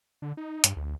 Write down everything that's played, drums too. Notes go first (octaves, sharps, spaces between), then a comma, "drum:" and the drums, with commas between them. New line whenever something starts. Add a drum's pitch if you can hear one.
D3
D#4
G2, drum: hi-hat
D2